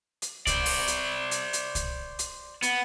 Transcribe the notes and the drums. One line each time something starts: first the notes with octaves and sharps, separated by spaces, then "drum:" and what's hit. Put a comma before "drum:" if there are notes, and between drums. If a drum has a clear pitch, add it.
drum: hi-hat
C5 D5, drum: kick C2, hi-hat
drum: open hi-hat
drum: hi-hat
drum: hi-hat
drum: hi-hat
drum: kick C2, hi-hat
drum: hi-hat
B3, drum: hi-hat